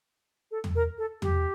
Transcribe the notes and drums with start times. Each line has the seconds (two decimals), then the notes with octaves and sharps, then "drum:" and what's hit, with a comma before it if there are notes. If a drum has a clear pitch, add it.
0.51 A4
0.64 drum: tom
0.75 A#4
0.98 A4
1.22 G4, drum: tom